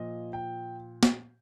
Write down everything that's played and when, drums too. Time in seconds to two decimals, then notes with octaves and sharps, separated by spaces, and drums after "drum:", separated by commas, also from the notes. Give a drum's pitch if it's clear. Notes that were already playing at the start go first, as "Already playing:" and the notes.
Already playing: A#2 F3 D#5
0.33 G5
1.03 drum: snare